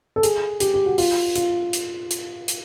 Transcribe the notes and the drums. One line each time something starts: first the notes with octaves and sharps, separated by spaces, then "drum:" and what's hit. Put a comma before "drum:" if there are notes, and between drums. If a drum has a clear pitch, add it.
A4
G#4, drum: hi-hat
G4, drum: hi-hat
G4
F#4
F4, drum: open hi-hat
F4, drum: hi-hat
drum: hi-hat
drum: hi-hat
drum: hi-hat